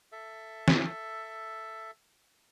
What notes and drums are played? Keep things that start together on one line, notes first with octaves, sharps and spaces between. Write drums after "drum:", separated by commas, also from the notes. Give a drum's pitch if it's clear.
A4 E5
drum: snare